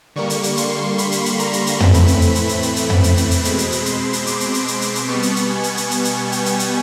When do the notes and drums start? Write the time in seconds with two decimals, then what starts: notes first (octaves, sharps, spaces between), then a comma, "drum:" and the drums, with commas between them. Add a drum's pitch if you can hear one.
0.16 D3 G3 A#3 C#6
0.30 drum: hi-hat
0.43 drum: hi-hat
0.57 C6, drum: hi-hat
0.98 B5, drum: hi-hat
1.12 drum: hi-hat
1.26 drum: hi-hat
1.39 A#5, drum: hi-hat
1.53 drum: hi-hat
1.67 drum: hi-hat
1.80 A2 E3 A3 C4 B5, drum: tom
1.94 drum: hi-hat
2.08 drum: hi-hat
2.21 drum: hi-hat
2.35 drum: hi-hat
2.49 drum: hi-hat
2.62 drum: hi-hat
2.76 drum: hi-hat
2.90 drum: tom
3.03 drum: hi-hat
3.17 drum: hi-hat
3.31 drum: hi-hat
3.45 B2 G#3 C4 B5, drum: hi-hat
3.58 drum: hi-hat
3.72 drum: hi-hat
3.86 C6, drum: hi-hat
4.13 drum: hi-hat
4.27 D6, drum: hi-hat
4.40 drum: hi-hat
4.54 drum: hi-hat
4.68 drum: hi-hat
4.81 drum: hi-hat
4.95 drum: hi-hat
5.09 B2 G3 B3 C#6
5.22 drum: hi-hat
5.36 drum: hi-hat
5.50 G#5
5.64 drum: hi-hat
5.77 drum: hi-hat
5.91 drum: hi-hat
6.05 drum: hi-hat
6.32 G5, drum: hi-hat
6.46 drum: hi-hat
6.59 drum: hi-hat